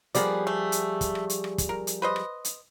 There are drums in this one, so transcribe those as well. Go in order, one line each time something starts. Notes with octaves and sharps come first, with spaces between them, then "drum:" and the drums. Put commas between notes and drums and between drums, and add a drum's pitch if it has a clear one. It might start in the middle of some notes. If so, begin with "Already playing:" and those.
F3 G3 A#3 B3 G#4 D5, drum: hi-hat
A3
drum: hi-hat
drum: kick, hi-hat
drum: rim click
drum: hi-hat
drum: rim click
drum: kick, hi-hat
A#4
drum: hi-hat
B4 C5 D#5
drum: rim click
drum: hi-hat